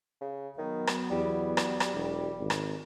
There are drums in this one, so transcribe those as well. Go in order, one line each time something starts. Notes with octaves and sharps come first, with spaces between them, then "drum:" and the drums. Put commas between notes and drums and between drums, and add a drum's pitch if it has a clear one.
C#3
D#3 F#3 B3
drum: rim click
E2 G3
drum: rim click
drum: rim click
E1
G#1
drum: rim click